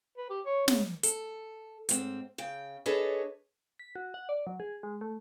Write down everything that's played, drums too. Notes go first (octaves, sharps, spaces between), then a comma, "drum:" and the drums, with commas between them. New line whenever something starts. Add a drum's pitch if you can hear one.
B4
G4
C#5
C#3, drum: snare
A4, drum: hi-hat
G#2 C4, drum: hi-hat
C#3 G5
D4 G#4 A4 B4 C#5 D#5
B6
F#4
F#5
D5
F#3
G#4
G#3
A3